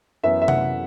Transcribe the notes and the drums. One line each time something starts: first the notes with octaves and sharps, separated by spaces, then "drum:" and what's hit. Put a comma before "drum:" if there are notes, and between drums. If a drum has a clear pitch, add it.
F#2 E3 B3 E5
E5
F#5, drum: tom